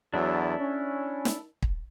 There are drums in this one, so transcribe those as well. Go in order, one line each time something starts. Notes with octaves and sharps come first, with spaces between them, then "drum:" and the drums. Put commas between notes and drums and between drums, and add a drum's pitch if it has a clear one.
E2 F#3 D4 E4 A4
C#4
drum: snare
drum: kick